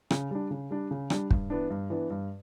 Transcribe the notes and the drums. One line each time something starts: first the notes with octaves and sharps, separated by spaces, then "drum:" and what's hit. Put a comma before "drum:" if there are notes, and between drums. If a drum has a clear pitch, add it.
C#3, drum: rim click
G3 D4
C#3
G3 D4
C#3
G3 D4, drum: rim click
G2, drum: kick
E3 B3 D4
G2
E3 B3 D4
G2